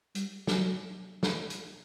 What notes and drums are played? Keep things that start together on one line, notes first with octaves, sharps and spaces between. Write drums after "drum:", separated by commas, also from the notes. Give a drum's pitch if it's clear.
G3, drum: hi-hat
F#3, drum: snare
drum: snare
drum: hi-hat